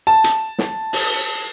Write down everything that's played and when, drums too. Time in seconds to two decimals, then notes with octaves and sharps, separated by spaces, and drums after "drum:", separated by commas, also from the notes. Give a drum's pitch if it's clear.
0.07 A5
0.24 drum: hi-hat
0.58 drum: snare
0.93 drum: open hi-hat